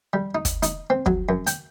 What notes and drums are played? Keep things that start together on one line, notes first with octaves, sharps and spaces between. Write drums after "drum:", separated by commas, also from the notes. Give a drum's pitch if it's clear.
G3
D#4
drum: kick, hi-hat
D#4, drum: hi-hat
C4
F#3, drum: kick
F#2
G5, drum: hi-hat